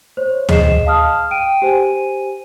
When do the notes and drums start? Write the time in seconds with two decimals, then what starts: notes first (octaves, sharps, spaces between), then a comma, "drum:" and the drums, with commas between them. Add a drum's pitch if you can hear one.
0.17 C5 C#5
0.49 G#4 D#5 C7 E7, drum: tom
0.86 F5 A5 D#6 F6
1.31 G5 D7 D#7
1.62 G4 C5 G#5 D#7